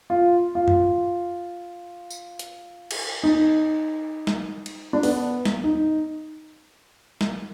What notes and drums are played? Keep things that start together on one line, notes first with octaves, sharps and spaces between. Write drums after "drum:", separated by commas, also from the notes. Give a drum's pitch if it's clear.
F4
F4
drum: tom F#2
drum: tambourine
drum: hi-hat
drum: cymbal
D#4
drum: snare
drum: cymbal
D4
B3, drum: open hi-hat
drum: snare
D#4
drum: snare